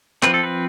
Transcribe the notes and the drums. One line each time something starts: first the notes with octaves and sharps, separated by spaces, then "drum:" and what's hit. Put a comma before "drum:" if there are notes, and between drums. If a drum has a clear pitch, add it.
F3 C4 B4, drum: clap
A4
B4